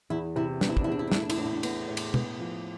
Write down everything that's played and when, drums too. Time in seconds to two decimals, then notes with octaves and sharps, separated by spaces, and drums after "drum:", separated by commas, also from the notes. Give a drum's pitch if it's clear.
0.10 E2 E4
0.36 C3 E4
0.61 B3 D4, drum: snare
0.69 E4
0.77 D4, drum: kick
0.84 E4
0.87 E2 D4
0.99 E4
1.07 D4
1.12 A3 E4, drum: snare
1.22 D4
1.30 E4, drum: cymbal
1.37 A2 D4
1.46 E4
1.53 D4
1.63 A2 B3, drum: cymbal
1.88 A2
1.97 drum: cymbal
2.14 B3, drum: tom B2
2.39 F3